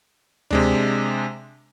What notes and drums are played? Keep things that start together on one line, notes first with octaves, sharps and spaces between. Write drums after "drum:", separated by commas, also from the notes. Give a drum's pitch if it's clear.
C3 G#3 D4, drum: tom D2